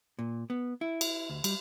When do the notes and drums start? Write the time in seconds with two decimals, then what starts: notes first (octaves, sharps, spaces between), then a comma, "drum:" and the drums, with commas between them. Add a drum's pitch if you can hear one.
0.19 A#2
0.50 B3
0.81 E4
1.01 drum: cymbal
1.30 D2
1.44 G3, drum: cymbal